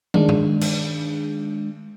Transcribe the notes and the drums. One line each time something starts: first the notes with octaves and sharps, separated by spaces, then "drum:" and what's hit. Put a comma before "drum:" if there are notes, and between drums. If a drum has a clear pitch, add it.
D#3 G#3 D4, drum: tom
drum: tom G2
drum: cymbal